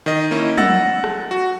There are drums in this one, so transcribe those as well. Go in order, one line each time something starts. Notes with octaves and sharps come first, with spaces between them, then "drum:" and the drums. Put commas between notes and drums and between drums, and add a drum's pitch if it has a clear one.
D#3 D#5
A#3 C#4 E4
F#5 E6 A6 A#6, drum: tom
drum: rim click
F#4